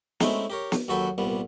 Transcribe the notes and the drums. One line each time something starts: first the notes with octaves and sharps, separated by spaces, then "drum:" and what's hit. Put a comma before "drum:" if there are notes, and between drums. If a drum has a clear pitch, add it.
G#3 A3 C4 C#4 D#4 E4, drum: snare
G4 A#4 C#5
drum: snare
D#2 F#3 F#4 A4 B4 G5
C2 A#2 G3 B3